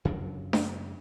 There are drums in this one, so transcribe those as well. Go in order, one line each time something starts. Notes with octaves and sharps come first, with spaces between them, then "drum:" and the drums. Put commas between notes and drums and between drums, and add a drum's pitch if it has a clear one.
F#2 C#3 F#3 D4
drum: snare D4